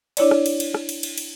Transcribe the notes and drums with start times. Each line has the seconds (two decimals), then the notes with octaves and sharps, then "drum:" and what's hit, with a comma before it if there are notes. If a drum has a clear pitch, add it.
0.17 D4 E4 C#5 D5, drum: cymbal
0.31 drum: rim click
0.46 drum: cymbal
0.60 drum: cymbal
0.74 drum: rim click
0.89 drum: cymbal
1.03 drum: cymbal
1.18 drum: cymbal